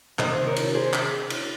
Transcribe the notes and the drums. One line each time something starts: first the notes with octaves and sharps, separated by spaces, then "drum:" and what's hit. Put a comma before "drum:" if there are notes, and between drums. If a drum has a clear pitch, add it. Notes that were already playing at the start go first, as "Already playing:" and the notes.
C3 D#3 A#3 C5 D#5, drum: clap
C5
A#4 C#5
drum: cymbal
G#4 C5
drum: clap
drum: cymbal